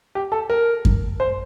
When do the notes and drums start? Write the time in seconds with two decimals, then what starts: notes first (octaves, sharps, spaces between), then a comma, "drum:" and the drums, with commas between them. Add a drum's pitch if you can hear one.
0.15 G4
0.32 A4
0.50 A#4
0.85 drum: kick F#2
1.20 C5